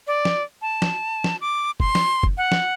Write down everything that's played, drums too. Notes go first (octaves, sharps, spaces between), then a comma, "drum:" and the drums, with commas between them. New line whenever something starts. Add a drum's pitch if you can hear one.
D5
drum: snare
A5
drum: snare
drum: snare
D6
C6, drum: kick
drum: snare
drum: kick
F#5
drum: snare